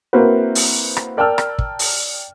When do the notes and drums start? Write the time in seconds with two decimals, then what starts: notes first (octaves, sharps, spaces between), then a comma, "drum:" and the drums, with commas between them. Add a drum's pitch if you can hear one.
0.13 A#3 C4 E4 F#4 A#4 B4
0.55 drum: open hi-hat
0.97 drum: rim click
1.17 A#4 D5 G5 A5 E6 F6
1.38 drum: rim click
1.59 drum: kick
1.79 drum: open hi-hat